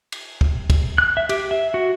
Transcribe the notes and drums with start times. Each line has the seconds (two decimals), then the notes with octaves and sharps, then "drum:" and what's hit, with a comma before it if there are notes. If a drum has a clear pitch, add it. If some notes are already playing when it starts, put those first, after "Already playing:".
0.12 drum: cymbal
0.41 drum: kick
0.70 drum: kick, cymbal
0.98 F#6
1.17 E5
1.29 G4, drum: cymbal
1.51 E5
1.74 F#4